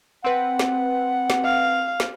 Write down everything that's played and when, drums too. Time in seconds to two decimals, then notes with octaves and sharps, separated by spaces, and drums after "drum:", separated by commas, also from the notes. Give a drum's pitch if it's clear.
0.24 C4 B4 F#5
0.59 drum: snare
1.30 drum: snare
1.44 F5
2.00 drum: snare